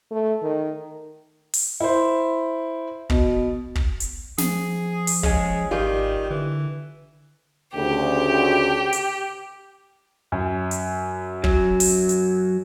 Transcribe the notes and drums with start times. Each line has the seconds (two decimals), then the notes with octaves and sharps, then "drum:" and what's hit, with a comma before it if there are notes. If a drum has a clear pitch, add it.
0.11 A3
0.42 D#3
1.54 drum: open hi-hat
1.80 E4 C5
3.10 B2, drum: kick
3.75 drum: kick
4.00 drum: hi-hat
4.38 F3 G#4, drum: snare
5.07 drum: open hi-hat
5.23 C#3 G#3 G#4, drum: kick
5.71 G#1 D#3 G3 F4 G4
6.30 D3 E3
7.75 D2 C#3 G4
8.93 drum: hi-hat
10.32 F#2
10.71 drum: hi-hat
11.44 F#3, drum: kick
11.80 drum: open hi-hat
12.09 drum: hi-hat